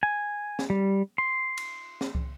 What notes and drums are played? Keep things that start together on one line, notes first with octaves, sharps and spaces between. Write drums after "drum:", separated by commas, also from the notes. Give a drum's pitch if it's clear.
G#5
drum: snare
G3
C6
drum: cymbal
drum: snare
drum: kick